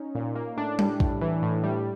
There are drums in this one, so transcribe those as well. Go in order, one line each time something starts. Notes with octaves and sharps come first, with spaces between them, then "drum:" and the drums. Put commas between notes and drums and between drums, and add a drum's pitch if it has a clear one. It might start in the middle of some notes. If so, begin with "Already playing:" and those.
Already playing: C#4 D#4
A#2
A#3
A2 D4
G3, drum: tom G3
A2, drum: kick A#1
E3
A2
G3